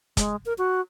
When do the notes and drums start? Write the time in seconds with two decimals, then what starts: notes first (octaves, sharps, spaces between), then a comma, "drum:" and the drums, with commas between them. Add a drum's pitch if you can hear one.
0.17 G#3, drum: kick, hi-hat
0.46 A#4
0.58 F#4